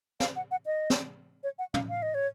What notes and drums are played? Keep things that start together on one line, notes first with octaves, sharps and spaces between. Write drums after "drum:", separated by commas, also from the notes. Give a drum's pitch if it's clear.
F5, drum: snare
F#5
F#5
D#5
drum: snare
C#5
F#5
F5, drum: tom
F5
D#5
C#5